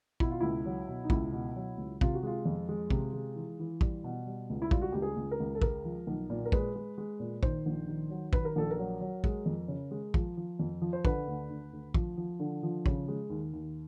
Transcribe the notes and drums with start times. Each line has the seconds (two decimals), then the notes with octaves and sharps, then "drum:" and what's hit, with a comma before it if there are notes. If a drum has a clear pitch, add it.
0.20 B2 E4, drum: kick
0.31 F4
0.40 C#2 E4
0.66 F#3
0.88 B2
1.04 D#4
1.10 C#2 E4, drum: kick
1.32 B2
1.56 F#3
1.78 C#2
2.01 C3 F4, drum: kick
2.14 F#4
2.23 G#3 F4
2.45 F2
2.69 G#3
2.90 C3, drum: kick
3.13 G#3
3.36 E3
3.59 E3
3.81 G3, drum: kick
4.04 B2
4.27 G3
4.50 C#2
4.62 E4
4.71 G3 F4, drum: kick
4.81 F#4
4.92 C#2 G4
5.02 G#4
5.16 C#2
5.31 A#4
5.40 C#2
5.55 A4
5.62 G#3 A#4, drum: kick
5.85 F3
6.07 B1
6.30 A#2
6.45 A#4
6.52 G#3 B4, drum: kick
6.75 G#3
6.98 G#3
7.20 A#2
7.43 D#3 C5, drum: kick
7.66 A#1
7.88 D#3
8.10 F#3
8.33 D#3 B4, drum: kick
8.45 A#4
8.56 A#1 A4
8.70 A#4
8.79 F#3
9.01 F#3
9.24 G#3, drum: kick
9.46 F2
9.68 C#3
9.91 G#3
10.14 F3, drum: kick
10.37 F3
10.59 F2
10.81 F3
10.93 C5
11.05 D3 B4, drum: kick
11.27 D2
11.50 D2
11.73 D2
11.94 F3, drum: kick
12.17 F3
12.40 D3
12.63 F3
12.86 C#3, drum: kick
13.08 G#3
13.30 D#2
13.53 D#2